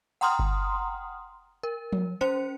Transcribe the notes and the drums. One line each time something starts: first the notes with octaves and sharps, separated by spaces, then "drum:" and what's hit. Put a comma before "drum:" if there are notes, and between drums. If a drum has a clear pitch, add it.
F#5 G5 A#5 C6 D#6 F6
drum: kick G1
A#4
drum: tom F3
C#4 C5 C#7